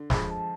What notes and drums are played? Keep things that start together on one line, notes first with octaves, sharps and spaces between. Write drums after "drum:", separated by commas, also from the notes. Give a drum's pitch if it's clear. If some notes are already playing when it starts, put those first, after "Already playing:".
Already playing: D3
F3 G#3 B5, drum: snare
A5